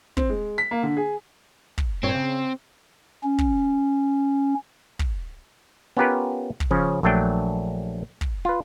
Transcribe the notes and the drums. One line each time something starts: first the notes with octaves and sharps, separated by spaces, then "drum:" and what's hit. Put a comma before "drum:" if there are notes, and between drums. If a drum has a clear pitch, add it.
C4, drum: kick
G#3
B6
A#3
D3
G#4
drum: kick
G2 A#2 C4 C#5
C#3
C#4
drum: kick
drum: kick
B3 C#4 F4 G4 A#4 B4
drum: kick
C#3 F3 C#4
A#1 F#3 A3 D4 G5
drum: kick
F4 B4